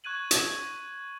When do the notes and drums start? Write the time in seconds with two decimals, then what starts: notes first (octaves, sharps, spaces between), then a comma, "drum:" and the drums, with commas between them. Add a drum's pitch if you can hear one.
0.04 C#6 F#6 G#6 D#7 F#7
0.31 drum: hi-hat